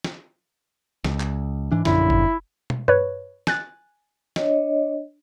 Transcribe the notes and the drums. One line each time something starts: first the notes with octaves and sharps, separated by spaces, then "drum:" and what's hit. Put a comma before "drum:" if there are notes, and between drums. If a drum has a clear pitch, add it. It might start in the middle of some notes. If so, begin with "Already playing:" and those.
drum: snare
C#2, drum: snare
drum: clap
G#2 E3 D4
A#1 F#2 D3 E4, drum: snare
drum: kick F#1
drum: tom
B4 C#5, drum: tom G2
G#5 F#6 A6, drum: snare
D4 C#5 D#5, drum: snare